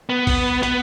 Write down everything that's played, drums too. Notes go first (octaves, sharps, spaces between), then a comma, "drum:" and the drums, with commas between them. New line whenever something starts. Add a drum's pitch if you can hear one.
B3
drum: kick A#1, open hi-hat
B3, drum: hi-hat